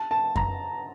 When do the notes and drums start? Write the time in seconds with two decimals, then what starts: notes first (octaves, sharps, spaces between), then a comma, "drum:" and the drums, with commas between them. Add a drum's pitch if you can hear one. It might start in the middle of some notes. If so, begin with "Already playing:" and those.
Already playing: A5
0.11 A5
0.36 A#5, drum: kick F#2